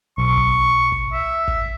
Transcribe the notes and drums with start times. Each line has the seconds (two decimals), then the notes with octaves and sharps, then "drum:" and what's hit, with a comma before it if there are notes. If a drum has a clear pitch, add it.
0.18 B1 C#6
0.37 drum: kick
0.92 drum: kick
1.13 E5
1.48 drum: kick